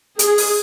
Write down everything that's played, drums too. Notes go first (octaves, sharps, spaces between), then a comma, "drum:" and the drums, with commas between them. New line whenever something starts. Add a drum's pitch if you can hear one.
G#4, drum: hi-hat
drum: open hi-hat